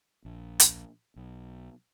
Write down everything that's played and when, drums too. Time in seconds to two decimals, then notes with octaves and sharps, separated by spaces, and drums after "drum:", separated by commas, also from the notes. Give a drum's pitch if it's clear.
0.25 A#1
0.60 drum: hi-hat
1.16 B1